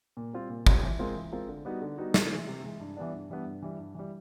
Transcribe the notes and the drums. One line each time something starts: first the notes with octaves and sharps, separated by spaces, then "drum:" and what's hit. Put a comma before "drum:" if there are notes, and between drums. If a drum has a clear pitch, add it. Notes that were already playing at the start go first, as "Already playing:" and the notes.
A#2
G3 C4 F4
A#2
G3 C4 F4, drum: kick
E3
G#3 C4 F4 A#4
E3
G#3 C4 F4 A#4
D3
G3 B3 D#4 F#4
D3
G3 B3 D#4 F#4
C3, drum: snare
E3 G#3
C3
E3 G#3
G2
E3 G3 B3 D4
G2
E3 G3 B3 D4
G2
E3 G3
G2
E3 G3